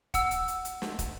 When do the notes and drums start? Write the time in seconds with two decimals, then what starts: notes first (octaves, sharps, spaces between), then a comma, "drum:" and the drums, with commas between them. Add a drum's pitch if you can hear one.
0.14 F#5 E6, drum: kick, hi-hat
0.31 drum: hi-hat
0.48 drum: hi-hat
0.65 drum: hi-hat
0.82 drum: snare
0.99 drum: kick, hi-hat